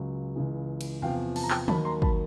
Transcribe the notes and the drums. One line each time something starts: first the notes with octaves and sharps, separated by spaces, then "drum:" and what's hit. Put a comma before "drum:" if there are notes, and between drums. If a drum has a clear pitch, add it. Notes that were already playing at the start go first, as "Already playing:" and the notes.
Already playing: C#2 C#3 F#3
C#2 C#3 E3
drum: cymbal
E2 C3 F3 F5 G5
A5, drum: cymbal
A#5
G5 A5, drum: clap
D#2 D#3 F#3 A5 B5, drum: tom D#3
A#5 C6
A5 B5, drum: kick